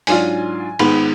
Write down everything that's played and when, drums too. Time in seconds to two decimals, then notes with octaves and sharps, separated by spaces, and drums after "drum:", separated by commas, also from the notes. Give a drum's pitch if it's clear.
0.07 G#2 F#3 D4 F4 G#5, drum: open hi-hat
0.79 G#2 D#3 G#3 B3 B5, drum: cymbal